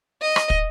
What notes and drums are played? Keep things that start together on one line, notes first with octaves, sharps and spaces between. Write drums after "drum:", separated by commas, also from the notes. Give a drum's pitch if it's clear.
D#5
drum: rim click
drum: kick